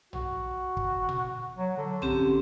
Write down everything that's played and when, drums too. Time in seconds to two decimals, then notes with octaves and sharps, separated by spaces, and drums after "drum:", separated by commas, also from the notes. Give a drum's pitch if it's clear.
0.13 F#4, drum: tom A#1
0.77 drum: kick
1.09 drum: tom A#2
1.57 F#3
1.77 D3
2.02 C4 C#4 G4, drum: tom A#1